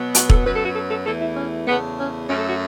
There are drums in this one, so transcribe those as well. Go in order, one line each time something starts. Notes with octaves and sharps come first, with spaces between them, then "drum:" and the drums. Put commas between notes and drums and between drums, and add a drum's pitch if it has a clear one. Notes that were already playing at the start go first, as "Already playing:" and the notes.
Already playing: B2 F#3 B3
F#4, drum: hi-hat
A4, drum: kick
F#2 F#3 B3 B4
A4
F#4
A4
A4
E2 E3 A3 A4
E4
C#4
E2 C#3 A3 B3
C#4
F#2 F#3 A3 C#4
A4
F#4